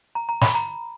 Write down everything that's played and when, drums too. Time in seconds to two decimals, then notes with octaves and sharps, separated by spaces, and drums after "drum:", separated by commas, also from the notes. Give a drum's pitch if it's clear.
0.15 A#5
0.29 A#5
0.41 B5, drum: snare
0.55 A#5